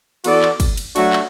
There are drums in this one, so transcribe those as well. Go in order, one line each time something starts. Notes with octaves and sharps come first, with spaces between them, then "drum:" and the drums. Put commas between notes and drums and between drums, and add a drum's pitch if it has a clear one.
E3 B3 F#4 A4 D5, drum: cymbal
drum: clap
drum: kick, cymbal
drum: cymbal
F#3 A3 D4 F#4, drum: cymbal
drum: clap